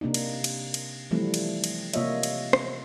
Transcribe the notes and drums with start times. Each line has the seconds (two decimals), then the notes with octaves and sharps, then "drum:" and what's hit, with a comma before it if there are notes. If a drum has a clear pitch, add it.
0.01 C3 A#3 D4 D#4
0.14 drum: cymbal
0.44 drum: cymbal
0.74 drum: cymbal
1.11 E3 F3 G3 A3 C4 E4
1.34 drum: cymbal
1.64 drum: cymbal
1.94 C3 A#3 F4 C#5 D#5 E5, drum: cymbal
2.23 drum: cymbal
2.53 drum: rim click